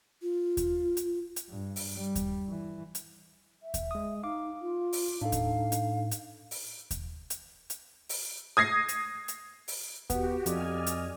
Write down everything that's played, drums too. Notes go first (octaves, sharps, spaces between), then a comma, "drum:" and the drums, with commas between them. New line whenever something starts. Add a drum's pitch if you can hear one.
F4
drum: kick D#2, hi-hat
drum: hi-hat
drum: hi-hat
G2
drum: open hi-hat
G3
drum: kick D#2, hi-hat
E3
drum: hi-hat
E5
drum: kick D#2, hi-hat
G#3 D#6
D#4 F5 D6
F4
drum: open hi-hat
A2 D4 D#4 A4 F5
drum: kick D#2, hi-hat
drum: hi-hat
drum: hi-hat
drum: open hi-hat
drum: kick D#2, hi-hat
drum: hi-hat
drum: hi-hat
drum: open hi-hat
D#6 G#6 A#6 C7
drum: hi-hat
drum: hi-hat
drum: open hi-hat
B3 F#4 G4, drum: kick D#2, hi-hat
F2 D5 D#5 G#5 F6, drum: hi-hat
drum: hi-hat